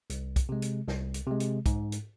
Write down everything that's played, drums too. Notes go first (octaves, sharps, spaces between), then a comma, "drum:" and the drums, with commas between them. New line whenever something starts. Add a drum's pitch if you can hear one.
C2, drum: hi-hat
drum: kick B1, hi-hat
C3 G#3
drum: hi-hat
C2, drum: snare
drum: hi-hat
C3 G#3
drum: hi-hat
G#2, drum: kick B1, hi-hat
drum: hi-hat